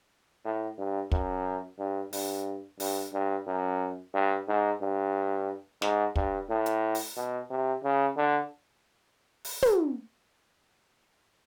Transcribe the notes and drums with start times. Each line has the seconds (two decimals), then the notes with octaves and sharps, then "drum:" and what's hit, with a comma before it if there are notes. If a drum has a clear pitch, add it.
0.45 A2
0.78 G2
1.12 F#2, drum: kick
1.79 G2
2.13 G2, drum: open hi-hat
2.80 G2, drum: open hi-hat
3.13 G2
3.47 F#2
4.14 G2
4.48 G#2
4.82 G2
5.82 G#2, drum: snare
6.16 G2, drum: kick
6.50 A2
6.66 drum: hi-hat
6.95 drum: open hi-hat
7.16 B2
7.50 C3
7.84 C#3
8.17 D3
9.45 drum: open hi-hat
9.62 drum: tom